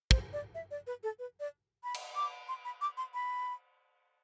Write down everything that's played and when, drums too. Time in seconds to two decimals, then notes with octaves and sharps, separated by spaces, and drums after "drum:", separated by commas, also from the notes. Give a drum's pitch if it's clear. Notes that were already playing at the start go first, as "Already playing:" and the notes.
0.11 C5, drum: kick
0.33 D5
0.55 E5
0.71 D5
0.87 B4
1.03 A4
1.19 B4
1.40 D5
1.84 B5
1.94 drum: cymbal
2.16 D6
2.48 C6
2.65 B5
2.81 D6
2.97 C6
3.14 B5